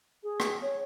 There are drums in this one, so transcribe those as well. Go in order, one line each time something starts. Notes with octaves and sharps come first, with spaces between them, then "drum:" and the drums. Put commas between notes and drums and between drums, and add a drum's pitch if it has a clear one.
G#4
drum: rim click
C#5